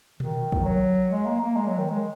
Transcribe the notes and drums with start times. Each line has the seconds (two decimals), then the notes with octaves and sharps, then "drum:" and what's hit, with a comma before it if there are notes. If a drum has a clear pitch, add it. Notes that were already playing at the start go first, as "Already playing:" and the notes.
0.20 D#3, drum: tom A#2
0.52 drum: kick
0.65 F#3
1.11 G#3
1.26 A#3
1.41 A#3
1.56 G#3
1.68 F#3
1.78 D#3
1.90 G#3